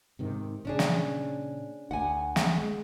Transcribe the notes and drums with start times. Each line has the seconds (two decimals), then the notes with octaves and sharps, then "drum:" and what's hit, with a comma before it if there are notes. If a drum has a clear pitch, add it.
0.19 G#2 C3 D#3
0.65 A#2 C#3 C#4 D4 G#4
0.79 drum: snare
1.91 D2 F#5 G#5
2.36 drum: snare
2.58 G#3